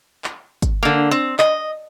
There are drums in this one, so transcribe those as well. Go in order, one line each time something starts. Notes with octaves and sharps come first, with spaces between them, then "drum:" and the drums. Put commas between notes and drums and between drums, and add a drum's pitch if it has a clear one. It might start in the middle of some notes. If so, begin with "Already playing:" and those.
drum: clap
drum: kick, hi-hat
D3 A#3
C4
D#5, drum: clap